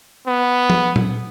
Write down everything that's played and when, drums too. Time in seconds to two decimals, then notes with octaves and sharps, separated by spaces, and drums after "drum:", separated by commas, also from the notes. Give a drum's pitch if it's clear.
0.27 B3
0.70 drum: tom F3
0.96 drum: tom